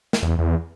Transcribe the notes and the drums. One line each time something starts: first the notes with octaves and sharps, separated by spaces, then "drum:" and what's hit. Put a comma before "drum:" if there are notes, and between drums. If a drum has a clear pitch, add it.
drum: snare
E2
E2